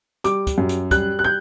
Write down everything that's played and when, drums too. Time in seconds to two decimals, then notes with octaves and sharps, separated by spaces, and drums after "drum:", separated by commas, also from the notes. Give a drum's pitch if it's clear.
0.24 G3 D6, drum: hi-hat
0.47 drum: kick, hi-hat
0.58 F#2
0.69 drum: hi-hat
0.91 G3 F#6, drum: kick, hi-hat
1.19 F#6
1.24 G6